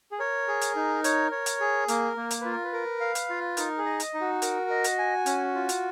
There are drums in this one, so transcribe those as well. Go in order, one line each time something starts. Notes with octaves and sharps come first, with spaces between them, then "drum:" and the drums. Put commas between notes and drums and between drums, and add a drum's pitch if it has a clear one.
G#4
A#4 C#5
G#4
drum: hi-hat
D#4
C#5, drum: hi-hat
C#5
drum: hi-hat
G#4
A#3 A#4, drum: hi-hat
A#3
drum: hi-hat
F4 B4
A#4
B4
A#4
F5
drum: hi-hat
F4
D#4 A#4, drum: hi-hat
G#4
D#5
drum: hi-hat
D#4
F#4
A#4, drum: hi-hat
D#5
drum: hi-hat
G#5
C#4, drum: hi-hat
F4
drum: hi-hat